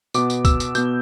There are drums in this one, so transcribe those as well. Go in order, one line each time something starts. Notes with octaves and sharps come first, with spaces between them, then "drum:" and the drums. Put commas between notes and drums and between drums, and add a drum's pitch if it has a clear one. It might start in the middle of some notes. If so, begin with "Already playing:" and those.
B2 B3 D6, drum: tambourine
drum: tambourine
E6, drum: kick, tambourine
drum: tambourine
B2 B3 G6, drum: tambourine